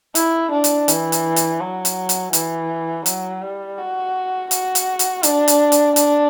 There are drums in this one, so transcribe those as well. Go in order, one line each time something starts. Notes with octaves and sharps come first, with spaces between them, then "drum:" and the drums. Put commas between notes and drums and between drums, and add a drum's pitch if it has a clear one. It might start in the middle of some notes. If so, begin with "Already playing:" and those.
E4, drum: hi-hat
D4
drum: hi-hat
E3, drum: hi-hat
drum: hi-hat
drum: hi-hat
F#3
drum: hi-hat
drum: hi-hat
E3, drum: hi-hat
F#3, drum: hi-hat
G3
F#4
F#4, drum: hi-hat
drum: hi-hat
drum: hi-hat
D4, drum: hi-hat
drum: hi-hat
drum: hi-hat
D4, drum: hi-hat